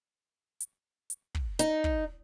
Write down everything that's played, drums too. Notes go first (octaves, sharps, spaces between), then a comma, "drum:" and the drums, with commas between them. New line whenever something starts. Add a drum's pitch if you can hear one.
drum: hi-hat
drum: hi-hat
drum: kick
D#4, drum: hi-hat
drum: kick